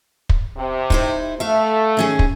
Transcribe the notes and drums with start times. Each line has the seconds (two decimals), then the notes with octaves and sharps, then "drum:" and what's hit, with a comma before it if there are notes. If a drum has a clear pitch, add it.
0.29 drum: kick
0.56 C3
0.90 D#4 E4 C5, drum: kick
1.40 A3 E5 F5
1.97 D#3 C#4 G#4
2.19 drum: kick